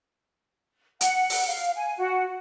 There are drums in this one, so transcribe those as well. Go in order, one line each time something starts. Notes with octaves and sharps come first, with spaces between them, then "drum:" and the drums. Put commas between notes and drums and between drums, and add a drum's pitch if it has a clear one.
F#5, drum: hi-hat
drum: open hi-hat
F5
G#5
F#4